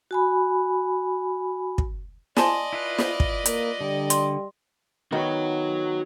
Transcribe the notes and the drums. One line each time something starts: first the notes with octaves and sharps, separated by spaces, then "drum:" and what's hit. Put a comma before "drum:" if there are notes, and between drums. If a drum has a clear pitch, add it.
F#4 G#5 B5
drum: kick
D5 D#5 G#5 A5 C6, drum: snare
E4 F4 B4
drum: snare
drum: kick
A#3, drum: hi-hat
D3 G3
C6, drum: hi-hat
D#3 B3 F#4 C#5